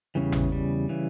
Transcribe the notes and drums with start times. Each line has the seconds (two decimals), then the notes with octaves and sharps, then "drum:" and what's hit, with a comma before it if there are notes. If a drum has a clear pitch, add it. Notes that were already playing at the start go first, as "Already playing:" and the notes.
0.15 E2 C#3 E3 G3
0.32 drum: tom G#1
0.52 G3
0.89 C#3 E3